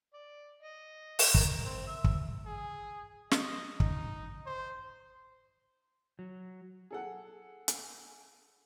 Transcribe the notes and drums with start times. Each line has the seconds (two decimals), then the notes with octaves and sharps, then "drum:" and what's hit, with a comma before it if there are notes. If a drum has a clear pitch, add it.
0.14 D5
0.63 D#5
1.19 drum: open hi-hat
1.34 A#4, drum: kick
1.64 C4
1.87 E5
2.04 drum: kick
2.46 G#4
3.31 D#5, drum: snare
3.80 D#4, drum: kick
4.46 C5
6.19 F#3
6.91 G#4 A4 F#5
7.68 drum: hi-hat